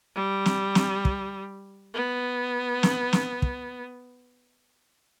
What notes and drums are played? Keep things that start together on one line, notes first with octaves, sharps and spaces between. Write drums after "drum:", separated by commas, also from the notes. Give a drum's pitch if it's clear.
G3
drum: snare
drum: snare
drum: kick
B3
drum: snare
drum: snare
drum: kick